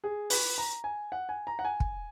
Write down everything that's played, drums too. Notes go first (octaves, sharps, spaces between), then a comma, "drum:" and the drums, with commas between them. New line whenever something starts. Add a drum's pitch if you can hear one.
G#4
B4, drum: open hi-hat
A#5
G#5
F#5
G#5
A#5
F#5
G#5
drum: kick